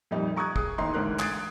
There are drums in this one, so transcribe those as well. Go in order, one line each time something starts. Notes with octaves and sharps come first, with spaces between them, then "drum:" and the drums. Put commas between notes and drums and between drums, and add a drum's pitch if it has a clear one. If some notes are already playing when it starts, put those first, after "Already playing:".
F2 A#2 G3 D#4
A#5 C#6 D#6 F#6 G#6
G#4 D#6, drum: kick
A1 D#2 D#4 A#5 C6
A1 G#2 D3 A#4 F#6
D#6 F#6 G#6 A6 C7 D7, drum: clap